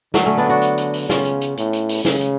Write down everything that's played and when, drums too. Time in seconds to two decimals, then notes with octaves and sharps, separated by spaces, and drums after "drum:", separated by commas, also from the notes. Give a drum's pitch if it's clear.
0.14 D3 F#3 A3, drum: snare
0.25 A3 C#4
0.37 B3 D4
0.49 D4 F#4
0.62 drum: hi-hat
0.78 drum: hi-hat
0.94 drum: open hi-hat
1.09 C#3 C#4 F4, drum: snare
1.25 drum: hi-hat
1.41 drum: hi-hat
1.57 A2, drum: hi-hat
1.73 drum: hi-hat
1.89 drum: open hi-hat
2.05 C#3, drum: snare
2.21 drum: hi-hat